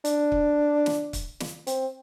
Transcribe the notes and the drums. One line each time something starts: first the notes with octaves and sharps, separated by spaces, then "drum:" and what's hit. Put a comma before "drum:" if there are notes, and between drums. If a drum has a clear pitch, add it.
D4, drum: hi-hat
drum: kick
drum: snare
drum: kick, hi-hat
drum: snare
C4, drum: hi-hat